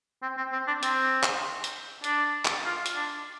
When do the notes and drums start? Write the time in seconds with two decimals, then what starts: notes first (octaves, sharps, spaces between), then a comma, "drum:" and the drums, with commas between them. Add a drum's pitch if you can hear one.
0.22 C4
0.37 C4
0.52 C4
0.67 D4
0.83 C4, drum: hi-hat
1.23 drum: clap
1.64 drum: hi-hat
2.04 D4, drum: hi-hat
2.45 drum: clap
2.65 F4
2.86 drum: hi-hat
2.96 D4